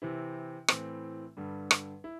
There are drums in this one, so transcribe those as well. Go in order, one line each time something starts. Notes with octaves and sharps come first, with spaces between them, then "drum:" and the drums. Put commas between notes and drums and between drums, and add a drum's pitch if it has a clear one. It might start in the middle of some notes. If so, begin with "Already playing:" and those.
C3 E3 C4 E4
A2 E3 C4, drum: rim click
G2 D3 G3
drum: rim click
E4